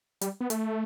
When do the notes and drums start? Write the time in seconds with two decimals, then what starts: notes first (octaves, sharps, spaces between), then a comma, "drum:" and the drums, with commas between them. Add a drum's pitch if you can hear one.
0.21 G3, drum: hi-hat
0.41 B3
0.50 A3, drum: hi-hat